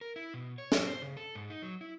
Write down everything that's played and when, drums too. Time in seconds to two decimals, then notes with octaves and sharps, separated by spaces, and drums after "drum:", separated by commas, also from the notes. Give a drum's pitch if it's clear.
0.01 A#4
0.16 E4
0.34 B2
0.58 C#5
0.72 F#3, drum: snare
0.87 C5
1.02 C#3
1.17 A4
1.35 G#2
1.50 D#4
1.62 F#3
1.81 E4